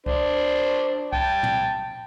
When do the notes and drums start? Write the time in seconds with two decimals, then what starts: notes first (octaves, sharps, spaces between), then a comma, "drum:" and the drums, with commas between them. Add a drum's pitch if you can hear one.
0.06 D4 C5, drum: kick C2
1.13 G5 A5, drum: kick C2
1.43 drum: tom